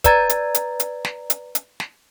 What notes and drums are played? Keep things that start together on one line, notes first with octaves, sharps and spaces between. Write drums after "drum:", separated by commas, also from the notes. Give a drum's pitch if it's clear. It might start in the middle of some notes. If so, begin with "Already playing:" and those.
B4 D5 A#5 G#6 A6, drum: kick, hi-hat
drum: hi-hat
drum: hi-hat
drum: hi-hat
drum: snare
drum: hi-hat
drum: hi-hat
drum: snare